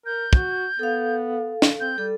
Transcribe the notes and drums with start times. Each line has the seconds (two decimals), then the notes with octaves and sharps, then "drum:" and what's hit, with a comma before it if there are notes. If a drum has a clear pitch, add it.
0.06 A#4 G6
0.33 F#4, drum: kick
0.79 B3 A4 F5
1.62 drum: snare
1.80 C4 G6
1.98 G3 A4